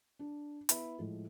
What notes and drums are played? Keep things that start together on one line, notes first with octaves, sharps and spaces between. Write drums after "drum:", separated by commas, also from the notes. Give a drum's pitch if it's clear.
D4
B3 E4 E5 B5, drum: hi-hat
A2 F3 G#3